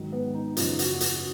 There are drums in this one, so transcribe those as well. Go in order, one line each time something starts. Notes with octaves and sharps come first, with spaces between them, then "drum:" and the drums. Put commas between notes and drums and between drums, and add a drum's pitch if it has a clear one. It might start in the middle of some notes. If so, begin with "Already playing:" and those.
Already playing: G#2 D#3 F#3
B3
D#4
F#2 C#3 F3 F4, drum: hi-hat
F#4, drum: hi-hat
F#4, drum: hi-hat